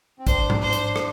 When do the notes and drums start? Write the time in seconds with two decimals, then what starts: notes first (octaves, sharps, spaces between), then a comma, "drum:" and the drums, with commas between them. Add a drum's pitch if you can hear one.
0.19 C4
0.27 D4 C5, drum: kick, hi-hat
0.50 drum: tom G#2
0.62 C5
0.73 drum: hi-hat
0.96 drum: rim click